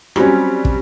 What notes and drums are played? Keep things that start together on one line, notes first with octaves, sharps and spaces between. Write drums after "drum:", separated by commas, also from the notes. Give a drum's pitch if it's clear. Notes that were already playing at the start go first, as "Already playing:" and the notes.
F#3 G3 C4 C#4, drum: rim click
drum: kick